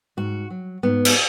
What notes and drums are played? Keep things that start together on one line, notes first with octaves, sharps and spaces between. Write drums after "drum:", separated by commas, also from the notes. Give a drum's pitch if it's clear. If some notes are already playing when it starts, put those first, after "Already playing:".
G#2 F#4
F#3
G#2 B3
drum: cymbal